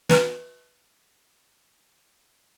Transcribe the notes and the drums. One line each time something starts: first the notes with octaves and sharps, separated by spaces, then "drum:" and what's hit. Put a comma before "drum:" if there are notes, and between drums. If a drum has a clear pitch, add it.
B4 A#5 F6, drum: snare